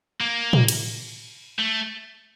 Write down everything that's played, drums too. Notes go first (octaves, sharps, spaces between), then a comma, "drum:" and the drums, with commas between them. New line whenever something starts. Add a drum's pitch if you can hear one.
A#3
drum: tom A2
drum: cymbal
A3